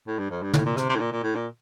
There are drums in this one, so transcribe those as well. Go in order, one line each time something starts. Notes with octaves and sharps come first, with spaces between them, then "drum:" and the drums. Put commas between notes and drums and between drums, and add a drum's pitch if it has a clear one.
A2
G2
F2
G2
A2, drum: tom
A#2
C3, drum: rim click
C3
A2
A#2
A#2
A2
A#2